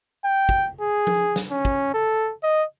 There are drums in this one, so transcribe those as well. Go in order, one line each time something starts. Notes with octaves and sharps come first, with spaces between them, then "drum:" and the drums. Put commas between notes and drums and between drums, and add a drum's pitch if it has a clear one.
G5
drum: kick
G#4
drum: tom F3
drum: snare
C#4
drum: kick
A4
D#5